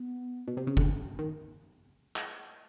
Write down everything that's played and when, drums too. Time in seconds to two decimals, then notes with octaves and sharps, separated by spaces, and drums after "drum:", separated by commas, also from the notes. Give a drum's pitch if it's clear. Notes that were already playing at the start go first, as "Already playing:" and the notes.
Already playing: B3
0.47 B2
0.57 C3
0.67 C#3
0.77 D3, drum: kick F#1
1.19 D#3
2.16 drum: clap